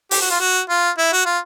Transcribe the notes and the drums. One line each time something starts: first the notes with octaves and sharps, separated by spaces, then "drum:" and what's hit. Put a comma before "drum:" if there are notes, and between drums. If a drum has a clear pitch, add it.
G4, drum: open hi-hat
F#4
F4
F#4
F4
E4
F#4
F4